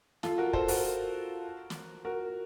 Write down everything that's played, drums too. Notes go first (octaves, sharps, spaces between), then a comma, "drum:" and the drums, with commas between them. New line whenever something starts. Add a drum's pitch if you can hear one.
F4 A4, drum: snare
F#4 A#4
A4 C5, drum: kick
F#4 A#4, drum: open hi-hat
drum: snare
F#4 A#4